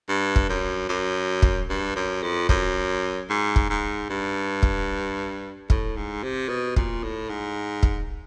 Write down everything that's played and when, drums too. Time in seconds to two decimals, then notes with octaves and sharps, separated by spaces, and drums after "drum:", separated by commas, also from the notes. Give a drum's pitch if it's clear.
0.08 G2
0.36 drum: kick
0.49 F#2
0.89 F#2
1.42 drum: kick
1.70 G2
1.96 F#2
2.23 F2
2.49 F#2, drum: kick
3.30 G#2
3.56 drum: kick
3.70 G#2
4.10 G2
4.63 drum: kick
5.70 A2, drum: kick
5.96 G#2
6.23 C3
6.49 B2
6.76 A#2, drum: kick
7.03 A2
7.30 G#2
7.83 drum: kick